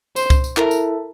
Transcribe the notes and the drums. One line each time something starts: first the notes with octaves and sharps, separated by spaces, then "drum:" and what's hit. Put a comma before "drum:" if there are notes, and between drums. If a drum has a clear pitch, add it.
C5, drum: tambourine
drum: kick C#2, tambourine
drum: tambourine
E4 A4 A#4 E5 A5, drum: clap
drum: tambourine